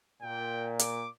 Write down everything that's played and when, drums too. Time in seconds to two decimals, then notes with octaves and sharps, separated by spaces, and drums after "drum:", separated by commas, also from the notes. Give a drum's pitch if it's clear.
0.22 A#2 G5
0.79 D6, drum: hi-hat